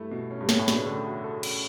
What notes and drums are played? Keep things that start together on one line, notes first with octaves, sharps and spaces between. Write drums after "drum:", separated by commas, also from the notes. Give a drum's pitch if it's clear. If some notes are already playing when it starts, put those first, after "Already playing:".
Already playing: G2 A3 E4
B2
C#4
G2
A2 C#5, drum: snare
A2
B2 D4, drum: snare
C#3
D3 A3
F#4
A4
C#4, drum: cymbal